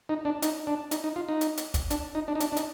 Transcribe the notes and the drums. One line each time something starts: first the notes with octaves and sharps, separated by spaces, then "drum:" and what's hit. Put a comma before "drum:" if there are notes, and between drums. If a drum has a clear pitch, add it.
D#4
D4
D#4, drum: hi-hat
D4
D#4, drum: hi-hat
D#4
F4
D#4
drum: hi-hat
drum: hi-hat
drum: kick, hi-hat
D4, drum: hi-hat
D#4
D4
D#4
D4, drum: hi-hat
D4
D#4, drum: hi-hat